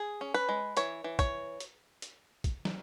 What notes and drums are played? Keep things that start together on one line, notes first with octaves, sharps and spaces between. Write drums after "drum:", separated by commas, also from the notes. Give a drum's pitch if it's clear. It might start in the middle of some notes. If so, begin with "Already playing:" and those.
Already playing: G#4
C#4
B4
G#3
E3 C#5, drum: hi-hat
E3
C#5, drum: kick, hi-hat
drum: hi-hat
drum: hi-hat
drum: kick, hi-hat
drum: snare